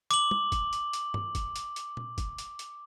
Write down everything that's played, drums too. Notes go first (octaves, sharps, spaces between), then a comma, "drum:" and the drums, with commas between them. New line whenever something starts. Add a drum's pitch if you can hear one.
D6 F#7, drum: hi-hat
drum: tom
drum: kick, hi-hat
drum: hi-hat
drum: hi-hat
drum: tom
drum: kick, hi-hat
drum: hi-hat
drum: hi-hat
drum: tom A#2
drum: kick, hi-hat
drum: hi-hat
drum: hi-hat